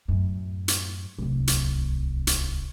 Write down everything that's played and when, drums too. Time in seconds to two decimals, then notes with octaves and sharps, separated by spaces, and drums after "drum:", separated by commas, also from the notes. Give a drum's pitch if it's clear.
0.08 F#2 A2
0.68 drum: hi-hat
1.18 D1 C2
1.47 drum: hi-hat
2.27 drum: hi-hat